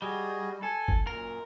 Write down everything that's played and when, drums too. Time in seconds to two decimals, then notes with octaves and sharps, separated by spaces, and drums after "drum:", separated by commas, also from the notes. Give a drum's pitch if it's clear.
0.02 G3 F#4 G#4 D#5
0.63 A4 G#5
0.88 drum: kick G1
1.07 F#2 A#2 A#4